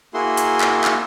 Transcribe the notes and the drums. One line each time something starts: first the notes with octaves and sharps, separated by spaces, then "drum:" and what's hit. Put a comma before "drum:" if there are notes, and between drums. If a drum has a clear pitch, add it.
A#3 E4 F#4 G#4 C6
drum: hi-hat
drum: clap
drum: clap